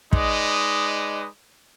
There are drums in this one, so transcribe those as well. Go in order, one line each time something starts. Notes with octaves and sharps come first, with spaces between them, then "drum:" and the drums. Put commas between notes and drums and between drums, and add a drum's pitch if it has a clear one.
G#3 D#4 B4 D5, drum: kick